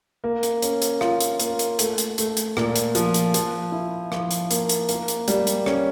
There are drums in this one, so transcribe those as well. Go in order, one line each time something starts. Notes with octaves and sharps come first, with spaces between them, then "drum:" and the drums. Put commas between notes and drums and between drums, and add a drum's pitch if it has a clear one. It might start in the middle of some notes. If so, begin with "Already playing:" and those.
A#3
drum: hi-hat
C#4, drum: hi-hat
drum: hi-hat
F4, drum: rim click
drum: hi-hat
A#3, drum: hi-hat
drum: hi-hat
A3, drum: hi-hat
drum: hi-hat
A3, drum: hi-hat
drum: hi-hat
A#2, drum: rim click
drum: hi-hat
F3, drum: hi-hat
drum: hi-hat
F3, drum: hi-hat
E4
F3, drum: rim click
drum: hi-hat
A#3, drum: hi-hat
drum: hi-hat
A#3, drum: hi-hat
drum: hi-hat
G3, drum: hi-hat
drum: hi-hat
C#4, drum: rim click